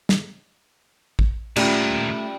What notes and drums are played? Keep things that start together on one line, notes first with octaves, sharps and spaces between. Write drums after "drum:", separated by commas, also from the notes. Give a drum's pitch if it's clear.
drum: snare
drum: kick
A#2 D#3 G3 A3 C#4 F4 E5, drum: cymbal